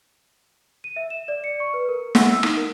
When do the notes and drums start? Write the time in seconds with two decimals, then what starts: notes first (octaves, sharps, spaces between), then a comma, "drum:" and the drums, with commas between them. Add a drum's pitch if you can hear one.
0.84 D#7
0.96 E5
1.10 E7
1.28 D5
1.44 C#7
1.60 C#6
1.74 B4
1.89 A#4
2.15 F#5, drum: snare
2.27 E6
2.43 D#4, drum: rim click
2.57 A#4